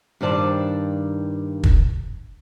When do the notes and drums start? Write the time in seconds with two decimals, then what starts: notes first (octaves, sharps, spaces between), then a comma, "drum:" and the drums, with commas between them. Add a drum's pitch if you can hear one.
0.21 G2 D#3 C5 D5 A5
1.63 drum: kick